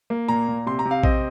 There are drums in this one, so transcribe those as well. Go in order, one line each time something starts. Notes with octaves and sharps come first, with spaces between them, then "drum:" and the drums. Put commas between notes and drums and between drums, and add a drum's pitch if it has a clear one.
A#3
A#2 A#5
A#2
C3 C6
A#5
C3
F5
C4 D#5, drum: kick A#1